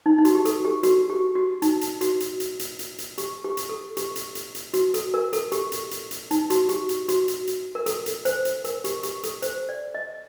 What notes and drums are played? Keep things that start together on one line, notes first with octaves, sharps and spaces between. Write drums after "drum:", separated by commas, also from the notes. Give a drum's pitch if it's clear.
D#4
D#4
F#4, drum: hi-hat
G4
A4, drum: hi-hat
G4
F#4, drum: hi-hat
G4
F#4
D#4, drum: hi-hat
drum: hi-hat
F#4, drum: hi-hat
drum: hi-hat
drum: hi-hat
drum: hi-hat
drum: hi-hat
drum: hi-hat
G4, drum: hi-hat
G4
drum: hi-hat
A4
G4, drum: hi-hat
drum: hi-hat
drum: hi-hat
drum: hi-hat
F#4, drum: hi-hat
A4, drum: hi-hat
A#4
A4, drum: hi-hat
G4, drum: hi-hat
drum: hi-hat
drum: hi-hat
drum: hi-hat
D#4, drum: hi-hat
F#4, drum: hi-hat
G4, drum: hi-hat
drum: hi-hat
F#4, drum: hi-hat
drum: hi-hat
drum: hi-hat
A#4
A4, drum: hi-hat
drum: hi-hat
C5, drum: hi-hat
drum: hi-hat
A#4, drum: hi-hat
G4, drum: hi-hat
G4, drum: hi-hat
A4, drum: hi-hat
C5, drum: hi-hat
D5
D#5